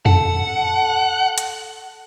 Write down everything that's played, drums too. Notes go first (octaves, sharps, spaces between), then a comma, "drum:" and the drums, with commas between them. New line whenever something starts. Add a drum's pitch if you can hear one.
A4 F#5, drum: tom F2
drum: hi-hat